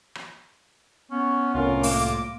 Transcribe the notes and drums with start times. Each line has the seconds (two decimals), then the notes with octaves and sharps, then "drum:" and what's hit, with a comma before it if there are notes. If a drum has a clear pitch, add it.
0.15 drum: rim click
1.11 B3 C#4
1.54 C2 A2 C#4 F4 A#4
1.83 A#3 D6, drum: open hi-hat